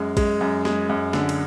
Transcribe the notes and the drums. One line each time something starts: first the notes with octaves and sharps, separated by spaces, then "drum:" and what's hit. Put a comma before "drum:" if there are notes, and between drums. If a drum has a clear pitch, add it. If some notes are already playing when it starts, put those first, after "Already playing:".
Already playing: F#2 G#3
G#3, drum: kick A#1, cymbal
F#2
G#3, drum: snare
F#2
D3, drum: snare
drum: cymbal